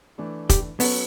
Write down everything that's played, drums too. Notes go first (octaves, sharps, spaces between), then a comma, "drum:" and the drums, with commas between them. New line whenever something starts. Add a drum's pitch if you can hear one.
E3 A3 D4
G4, drum: kick E1, hi-hat
F#3 B3 C#4 F#4 A4 C#5, drum: open hi-hat